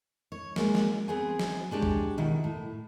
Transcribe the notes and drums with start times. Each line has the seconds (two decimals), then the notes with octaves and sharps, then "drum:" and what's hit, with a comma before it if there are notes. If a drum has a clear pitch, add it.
0.32 C#5
0.56 G#3 A#3, drum: snare
0.75 drum: snare
1.08 B3 C4 G#4 C5 G#5
1.39 drum: snare
1.71 G#3 D4 G4 C#5
1.83 drum: kick
2.18 B2 D#3 E4
2.44 A2